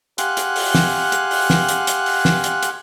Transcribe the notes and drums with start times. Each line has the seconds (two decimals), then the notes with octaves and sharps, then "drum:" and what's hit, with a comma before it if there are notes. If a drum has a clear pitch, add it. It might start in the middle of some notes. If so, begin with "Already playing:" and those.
0.18 G4 F5 F#5 G#5 C6 F#6, drum: hi-hat
0.37 drum: hi-hat
0.56 drum: open hi-hat
0.75 drum: snare
1.12 drum: hi-hat
1.31 drum: open hi-hat
1.50 drum: snare
1.69 drum: hi-hat
1.87 drum: hi-hat
2.06 drum: open hi-hat
2.25 drum: snare
2.44 drum: hi-hat
2.63 drum: hi-hat